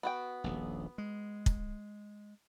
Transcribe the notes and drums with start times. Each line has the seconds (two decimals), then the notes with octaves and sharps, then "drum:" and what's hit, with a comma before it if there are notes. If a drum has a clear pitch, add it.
0.03 B3 F#4 G5
0.44 D#1 A#1
0.98 G#3
1.46 drum: kick